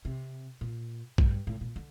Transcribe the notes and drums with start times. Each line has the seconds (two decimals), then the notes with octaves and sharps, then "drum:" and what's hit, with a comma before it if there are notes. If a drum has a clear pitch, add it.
0.05 C3
0.61 A#2
1.18 G2, drum: kick A#1
1.47 A2
1.61 A#2
1.76 D3